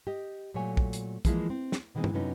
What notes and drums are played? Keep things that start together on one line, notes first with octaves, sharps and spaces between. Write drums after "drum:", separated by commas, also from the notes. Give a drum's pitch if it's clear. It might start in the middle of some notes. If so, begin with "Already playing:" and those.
G4 D#5
A#2 F#3 A3 C#5 G#5
drum: kick
drum: hi-hat
E3 F3 G#3 A#3 E4, drum: kick, hi-hat
C4
drum: snare
B2 D#3 E3 G#3 C4
drum: tom G2
F#2 C3 F#3 B3 C#4 D#4